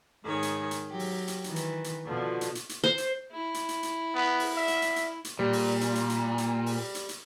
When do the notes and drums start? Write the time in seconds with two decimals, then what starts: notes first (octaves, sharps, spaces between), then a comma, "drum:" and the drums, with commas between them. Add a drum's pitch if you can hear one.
0.25 G#2 D#3 G#4 C#5
0.43 drum: hi-hat
0.71 drum: hi-hat
0.90 F#3 G4
0.99 drum: open hi-hat
1.28 drum: hi-hat
1.44 D#3 E3, drum: hi-hat
1.56 drum: hi-hat
1.84 drum: hi-hat
2.06 B2 D3 F3
2.41 drum: hi-hat
2.55 drum: hi-hat
2.69 drum: hi-hat
2.84 C5
2.98 drum: hi-hat
3.32 E4
3.54 drum: hi-hat
3.69 drum: hi-hat
3.83 drum: hi-hat
4.14 B3
4.39 drum: open hi-hat
4.57 E5
4.68 drum: hi-hat
4.82 drum: hi-hat
4.96 drum: hi-hat
5.25 drum: hi-hat
5.39 A#2 G3
5.53 drum: open hi-hat
5.81 drum: hi-hat
5.95 drum: hi-hat
6.10 drum: hi-hat
6.38 drum: hi-hat
6.66 drum: open hi-hat
6.95 drum: hi-hat
7.09 drum: hi-hat